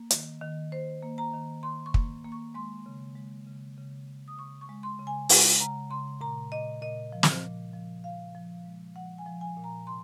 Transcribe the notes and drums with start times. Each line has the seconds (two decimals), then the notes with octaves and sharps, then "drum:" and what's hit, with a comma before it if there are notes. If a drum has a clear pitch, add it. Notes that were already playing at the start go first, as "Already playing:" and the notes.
Already playing: A#3
0.10 D#3, drum: hi-hat
0.41 D#3
0.72 D#3 C5
1.02 A#3
1.18 A#5
1.33 D#3
1.63 D#3 C6
1.86 C#6
1.94 A#3, drum: kick
2.24 A#3
2.32 C#6
2.54 G#3 C6
2.86 C#3
3.16 G#3
3.47 C#3
3.78 C#3
4.07 C#3
4.28 D#6
4.38 C#3 C#6
4.61 C#6
4.69 G#3
4.83 C6
4.99 C#3
5.07 G#5
5.29 G#3 F#5, drum: open hi-hat
5.60 C#3 A#5
5.90 C#3 C6
6.21 A#2 A#5
6.52 A#2 D#5
6.82 A#2 D#5
7.12 F3
7.23 drum: snare
7.44 A#2
7.73 F3
8.04 A#2 F5
8.35 F3
8.65 G#3
8.96 F3 F#5
9.18 G#5
9.26 F3
9.41 G#5
9.57 A#2
9.64 A#5
9.87 C3 C6